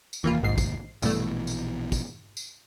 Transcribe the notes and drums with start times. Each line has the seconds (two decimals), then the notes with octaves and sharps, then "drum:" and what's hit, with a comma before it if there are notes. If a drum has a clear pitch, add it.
0.13 drum: tambourine
0.24 F1 D#2 E3 A#3 F4
0.43 A#1 G#2 C7
0.58 drum: kick, tambourine
1.02 A#1 G2 B2 E3 A3, drum: tambourine
1.47 drum: tambourine
1.92 drum: kick, tambourine
2.37 drum: tambourine